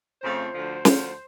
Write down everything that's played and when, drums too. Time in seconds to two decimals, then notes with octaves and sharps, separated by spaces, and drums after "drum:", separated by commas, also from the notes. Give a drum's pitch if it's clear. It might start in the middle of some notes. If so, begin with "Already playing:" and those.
0.22 F2 C#3 F3 A3 C5
0.53 D2 D3 F3
0.85 D2 D3 F3, drum: snare